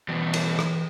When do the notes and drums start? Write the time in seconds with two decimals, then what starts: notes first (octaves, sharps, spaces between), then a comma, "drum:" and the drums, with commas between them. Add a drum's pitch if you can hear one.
0.08 G2 B2 E3
0.34 drum: cymbal
0.59 drum: rim click